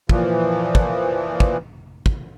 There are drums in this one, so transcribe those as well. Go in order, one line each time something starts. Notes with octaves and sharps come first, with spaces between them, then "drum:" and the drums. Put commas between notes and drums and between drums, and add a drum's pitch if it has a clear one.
A#2 E3 F3, drum: kick
drum: kick
drum: kick
drum: kick